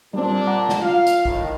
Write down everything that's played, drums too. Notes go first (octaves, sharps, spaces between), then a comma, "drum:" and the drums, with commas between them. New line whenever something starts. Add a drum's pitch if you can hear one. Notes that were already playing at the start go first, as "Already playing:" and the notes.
A#2 G3 C4 D4
F#5 A#5 D6
drum: snare
F4 F5
drum: hi-hat
A2 D#3, drum: kick A#1